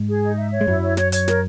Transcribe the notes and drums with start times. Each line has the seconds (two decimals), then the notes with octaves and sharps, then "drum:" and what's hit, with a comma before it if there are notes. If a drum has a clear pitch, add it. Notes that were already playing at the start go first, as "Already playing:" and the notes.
Already playing: G#2 G#3
0.08 G#4
0.23 D#4
0.38 E5
0.52 C#5
0.61 G#3
0.67 F#2 F#3 E4
0.82 C#5
0.97 C#5, drum: snare
1.12 C#5, drum: hi-hat
1.28 A#4, drum: snare